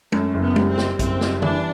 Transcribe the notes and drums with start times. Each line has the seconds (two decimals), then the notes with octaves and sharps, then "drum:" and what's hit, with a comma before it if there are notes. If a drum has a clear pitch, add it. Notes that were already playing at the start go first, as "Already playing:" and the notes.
0.12 F#2 A3, drum: tom G#3
0.34 F#1
0.42 B3
0.56 G3, drum: tom G#3
0.70 C4
0.78 G3, drum: snare
0.99 F#1 C4, drum: kick, hi-hat
1.21 G3, drum: snare
1.42 E3 D4, drum: tom